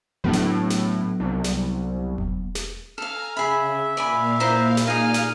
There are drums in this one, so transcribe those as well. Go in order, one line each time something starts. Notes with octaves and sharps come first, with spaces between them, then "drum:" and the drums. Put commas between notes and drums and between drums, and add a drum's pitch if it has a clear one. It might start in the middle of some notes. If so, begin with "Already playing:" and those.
A2 F#3 B3 D4
drum: snare
drum: snare
C2
drum: snare
drum: kick E1
drum: snare
A4 F5 G#5 A#5 F6
C#3 G#4 E5 B5
A#2 D5 F5 G#5 B5
E4 C5 A#5
drum: snare
D#4 G#4 G#5 F6
drum: snare